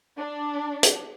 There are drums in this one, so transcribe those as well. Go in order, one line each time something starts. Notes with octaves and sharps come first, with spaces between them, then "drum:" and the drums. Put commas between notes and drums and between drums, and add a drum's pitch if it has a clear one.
D4
drum: hi-hat